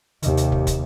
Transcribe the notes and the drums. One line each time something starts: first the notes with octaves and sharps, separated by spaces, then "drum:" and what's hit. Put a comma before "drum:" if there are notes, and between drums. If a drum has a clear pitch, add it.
D#2 C3, drum: hi-hat
drum: hi-hat
drum: kick
drum: kick, hi-hat